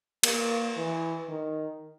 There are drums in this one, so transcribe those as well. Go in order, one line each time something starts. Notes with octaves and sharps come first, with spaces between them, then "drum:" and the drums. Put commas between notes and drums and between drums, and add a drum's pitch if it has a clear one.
A#3, drum: cymbal
E3
D#3